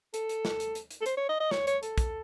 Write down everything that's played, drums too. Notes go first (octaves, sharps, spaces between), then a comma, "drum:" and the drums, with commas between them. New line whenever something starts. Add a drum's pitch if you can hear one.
A4, drum: hi-hat
drum: hi-hat
drum: snare
drum: hi-hat
drum: hi-hat
drum: hi-hat
A4
C5, drum: hi-hat
C#5
D#5
D#5
C#5, drum: snare
C#5, drum: hi-hat
A4, drum: hi-hat
drum: kick, hi-hat